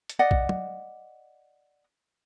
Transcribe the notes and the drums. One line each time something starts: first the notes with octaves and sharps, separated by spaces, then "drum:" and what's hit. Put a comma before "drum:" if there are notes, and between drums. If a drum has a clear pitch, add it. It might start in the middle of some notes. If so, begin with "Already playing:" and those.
drum: hi-hat
D5 D#5 F#5
drum: kick
drum: tom